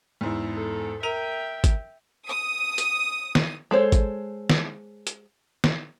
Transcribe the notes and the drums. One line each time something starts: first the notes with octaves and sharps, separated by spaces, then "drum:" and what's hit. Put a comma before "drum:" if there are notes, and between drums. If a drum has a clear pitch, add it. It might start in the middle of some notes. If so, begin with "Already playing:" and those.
E2 G#2 E4
A4
A#4 E5 G5 D#7 F7
drum: kick, hi-hat
D#6
drum: hi-hat
drum: snare
G#3 A4 C5 C#5
drum: kick, hi-hat
drum: snare
drum: hi-hat
drum: snare